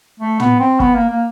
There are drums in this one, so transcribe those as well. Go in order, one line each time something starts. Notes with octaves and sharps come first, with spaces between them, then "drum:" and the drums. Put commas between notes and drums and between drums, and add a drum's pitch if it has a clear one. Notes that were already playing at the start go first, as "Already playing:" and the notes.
A3
B3, drum: tom
C4
B3, drum: kick
A#3
A#3